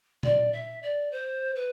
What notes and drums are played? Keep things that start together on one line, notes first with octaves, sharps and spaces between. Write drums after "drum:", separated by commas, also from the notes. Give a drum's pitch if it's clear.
D5, drum: tom A#2
E5
D5
C5
B4